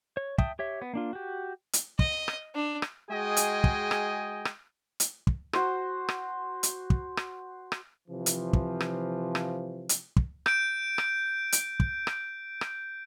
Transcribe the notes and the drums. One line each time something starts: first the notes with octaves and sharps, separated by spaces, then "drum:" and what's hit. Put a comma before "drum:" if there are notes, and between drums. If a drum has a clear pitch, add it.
C#5
E5 G5 A5 D#6, drum: kick
G4 C#5 E5
B3
A#3 D4 F4
F#4 G4
drum: hi-hat
D#5, drum: kick
drum: rim click
D4
drum: rim click
G#3 F#4 G#4 D#5 G5 G#5
drum: hi-hat
drum: kick
drum: rim click
drum: rim click
drum: hi-hat
drum: kick
F#4 C5, drum: rim click
drum: rim click
drum: hi-hat
drum: kick
drum: rim click
drum: rim click
C3 E3 F3
drum: hi-hat
drum: kick
drum: rim click
drum: rim click
drum: hi-hat
drum: kick
G6 D7, drum: rim click
drum: rim click
drum: hi-hat
drum: kick
drum: rim click
drum: rim click